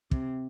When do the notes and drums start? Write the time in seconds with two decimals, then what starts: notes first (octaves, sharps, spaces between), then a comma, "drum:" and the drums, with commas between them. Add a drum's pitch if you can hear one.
0.11 C3, drum: kick